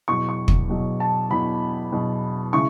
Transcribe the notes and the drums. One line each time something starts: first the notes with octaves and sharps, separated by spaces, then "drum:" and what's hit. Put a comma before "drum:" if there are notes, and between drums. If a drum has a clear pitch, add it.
E2 B2 F#3 C#6
C#6
drum: kick
E2 B2 F#3
A5
E2 B2 F#3 B5
E2 B2 F#3
C#3 E3 G#3 C#6